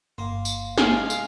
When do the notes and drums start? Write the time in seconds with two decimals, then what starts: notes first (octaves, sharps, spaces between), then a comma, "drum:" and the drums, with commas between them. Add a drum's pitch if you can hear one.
0.18 G1 A#3 C6
0.45 drum: tambourine
0.78 C3 G#3 F5 G#5, drum: snare
1.10 drum: tambourine